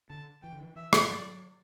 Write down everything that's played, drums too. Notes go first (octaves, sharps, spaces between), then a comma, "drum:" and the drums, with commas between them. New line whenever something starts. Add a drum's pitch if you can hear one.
D3 A5
E3 G5
D3
E3
E3 E5
drum: rim click
F#3 D5